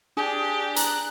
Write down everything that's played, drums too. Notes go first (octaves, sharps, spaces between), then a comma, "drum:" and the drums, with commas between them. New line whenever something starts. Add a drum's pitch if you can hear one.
D4 G4 G#4
A#5 F#6, drum: hi-hat